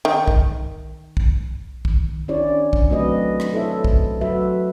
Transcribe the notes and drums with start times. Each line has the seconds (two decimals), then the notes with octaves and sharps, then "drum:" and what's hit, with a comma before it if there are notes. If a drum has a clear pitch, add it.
0.05 D#3
0.28 drum: kick
1.17 drum: kick
1.85 D#3, drum: kick
2.28 C#4 D4 E4 G4 C#5 D5
2.73 drum: kick
2.89 F#3 A3 C4 F#4 B4 D#5
3.40 drum: rim click
3.53 E4 A4 C5 C#5 E5
3.84 drum: kick
4.21 F#3 F#4 B4 E5